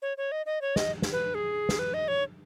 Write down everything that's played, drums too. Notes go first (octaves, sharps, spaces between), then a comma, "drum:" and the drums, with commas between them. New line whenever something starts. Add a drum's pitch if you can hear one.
C#5
C#5
D#5
D#5
C#5
D#5, drum: snare
drum: snare
B4
G#4
drum: snare
B4
D#5
C#5